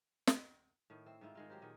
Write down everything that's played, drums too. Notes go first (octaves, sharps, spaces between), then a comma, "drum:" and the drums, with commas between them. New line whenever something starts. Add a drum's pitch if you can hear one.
drum: snare
A2 D#3
C4 E4
G#2 D#3 E4 F4
D#3 G#3 F4
F#3 G4 A#4 C5
A#2 D#3 B3 G#4